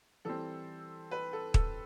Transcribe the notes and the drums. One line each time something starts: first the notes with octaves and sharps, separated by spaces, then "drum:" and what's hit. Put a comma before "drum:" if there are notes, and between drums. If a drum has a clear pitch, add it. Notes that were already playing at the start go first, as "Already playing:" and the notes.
E3 G3 C4 A4
B4
A4
A4, drum: kick